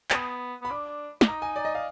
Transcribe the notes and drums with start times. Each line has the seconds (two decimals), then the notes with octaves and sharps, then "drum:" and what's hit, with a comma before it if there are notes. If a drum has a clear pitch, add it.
0.10 D4, drum: clap
0.14 B3 D#6
0.62 B3 B5
0.71 D4 D6
1.21 D4, drum: snare
1.28 D#4 A#5
1.42 G#5
1.56 D5
1.65 D#5
1.75 F5